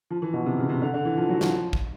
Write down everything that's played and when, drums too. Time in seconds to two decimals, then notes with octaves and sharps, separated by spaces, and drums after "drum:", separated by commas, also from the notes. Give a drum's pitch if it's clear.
0.10 F3
0.22 E3
0.33 B2
0.46 C3
0.58 C#3
0.69 C3
0.82 D3
0.94 D3
1.05 E3
1.17 F3
1.29 F#3
1.41 F3, drum: snare
1.73 drum: kick A1